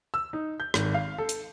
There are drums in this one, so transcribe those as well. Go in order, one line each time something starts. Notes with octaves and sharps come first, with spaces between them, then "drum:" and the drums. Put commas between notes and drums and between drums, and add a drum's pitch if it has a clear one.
E6
D#4
G6
G#1, drum: rim click
F5
A4
drum: hi-hat